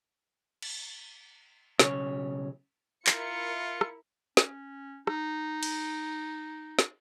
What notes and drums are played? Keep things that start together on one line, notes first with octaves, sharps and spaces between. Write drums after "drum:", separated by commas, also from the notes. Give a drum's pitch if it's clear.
drum: cymbal
B1 C#3 C#5, drum: snare
E4 F4 A#4 C#7, drum: clap
drum: rim click
C#4, drum: snare
D#4, drum: rim click
drum: cymbal
drum: snare